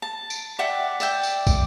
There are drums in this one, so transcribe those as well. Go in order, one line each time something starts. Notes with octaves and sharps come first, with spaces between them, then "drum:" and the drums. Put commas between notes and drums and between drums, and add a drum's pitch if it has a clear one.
A5
drum: tambourine
D5 E5 F#5 G5
D5 E5 G5, drum: tambourine
drum: tambourine
drum: kick, tambourine